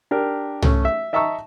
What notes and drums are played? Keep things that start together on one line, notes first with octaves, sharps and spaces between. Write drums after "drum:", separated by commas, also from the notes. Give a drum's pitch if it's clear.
D4 G4 A#4
A3 C#4, drum: tom
E5
D#5 E5 A5 A#5 C#6 E6